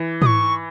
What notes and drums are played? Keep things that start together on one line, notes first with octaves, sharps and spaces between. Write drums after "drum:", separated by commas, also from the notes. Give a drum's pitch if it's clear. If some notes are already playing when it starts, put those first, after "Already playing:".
Already playing: E3
D#6, drum: tom
C#6